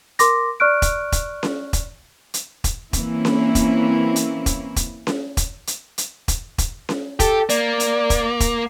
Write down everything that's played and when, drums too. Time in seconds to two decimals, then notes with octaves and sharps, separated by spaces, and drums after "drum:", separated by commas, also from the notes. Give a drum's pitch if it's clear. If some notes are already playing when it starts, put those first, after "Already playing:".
0.19 A#4 C6 D6 A#6, drum: hi-hat
0.60 D5 C#6 F6 F#6 D7
0.82 drum: kick E1, hi-hat
1.12 drum: kick E1, hi-hat
1.43 drum: snare C#4
1.73 drum: kick E1, hi-hat
2.34 drum: hi-hat
2.64 drum: kick E1, hi-hat
2.93 E3 A#3 C4 C#4 E4, drum: kick E1, hi-hat
3.25 drum: snare C#4
3.55 drum: kick E1, hi-hat
4.16 drum: hi-hat
4.46 drum: kick E1, hi-hat
4.76 drum: kick E1, hi-hat
5.07 drum: snare C#4
5.37 drum: kick E1, hi-hat
5.67 drum: hi-hat
5.98 drum: hi-hat
6.28 drum: kick E1, hi-hat
6.58 drum: kick E1, hi-hat
6.89 drum: snare C#4
7.20 G4 A4, drum: kick E1, hi-hat
7.49 A#3 D5, drum: hi-hat
7.80 drum: hi-hat
8.10 drum: kick E1, hi-hat
8.40 drum: kick E1, hi-hat